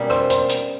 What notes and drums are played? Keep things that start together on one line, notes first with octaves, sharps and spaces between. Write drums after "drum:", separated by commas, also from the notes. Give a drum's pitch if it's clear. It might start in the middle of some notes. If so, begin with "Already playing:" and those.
Already playing: B2 G3 A#3 C#4
C5, drum: rim click
C5, drum: hi-hat
drum: hi-hat